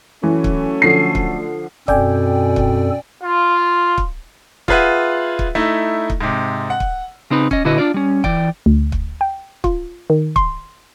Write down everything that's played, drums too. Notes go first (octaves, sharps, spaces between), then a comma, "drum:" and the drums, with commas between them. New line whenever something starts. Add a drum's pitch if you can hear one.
E3 F#3 A3 C#4
drum: kick
D3 F3 C7
drum: kick
F#2 B2 C4 A4 D5 G5 G#5, drum: kick
drum: kick
F4
drum: kick
F4 G#4 B4 E5 F#5, drum: kick
drum: kick
A3 D#4 E4
drum: kick
G#2 C3
F#5
drum: kick
C#3 C4 D#4 B4
C#4 D#5, drum: kick
A#2 D3 E4 F#4 B4 D#5
D4 F4 D5
G3 C#4
E3 D5 G5, drum: kick
D2
drum: kick
G5
F4, drum: kick
D#3
C6, drum: kick